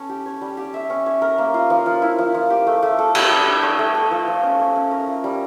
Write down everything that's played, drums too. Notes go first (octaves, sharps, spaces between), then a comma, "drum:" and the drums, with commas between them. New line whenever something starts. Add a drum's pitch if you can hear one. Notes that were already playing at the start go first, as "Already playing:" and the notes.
Already playing: C#4 A4
G4
C#5
G3
G4
E5
C#4
C#5
A#4
A#3
F4
F3
F3
E4
F3
F3
G4
A3
A3
A4
G3, drum: cymbal
G3
D4
C#5
A3
A4
F3
F3
C#4
C#4
C#4
A#4
F4
G3